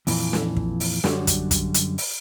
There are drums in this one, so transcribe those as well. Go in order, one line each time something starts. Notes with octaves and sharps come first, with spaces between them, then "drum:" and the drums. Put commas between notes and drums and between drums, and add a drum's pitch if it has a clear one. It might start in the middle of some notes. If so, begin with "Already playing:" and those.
F2 A#2 E3, drum: open hi-hat
drum: snare
drum: kick
drum: open hi-hat
F#2 D3 G3 D4 F#4 C#5, drum: snare
drum: kick, hi-hat
drum: kick, hi-hat
drum: hi-hat
drum: open hi-hat